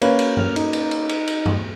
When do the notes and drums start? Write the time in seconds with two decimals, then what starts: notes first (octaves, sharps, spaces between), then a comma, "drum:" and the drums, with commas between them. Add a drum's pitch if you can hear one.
0.02 A#3 C#4 B4, drum: cymbal
0.19 drum: cymbal
0.37 F6, drum: tom G2
0.56 D#4, drum: cymbal
0.73 drum: cymbal
0.91 drum: cymbal
1.09 drum: cymbal
1.27 drum: cymbal
1.46 drum: tom G2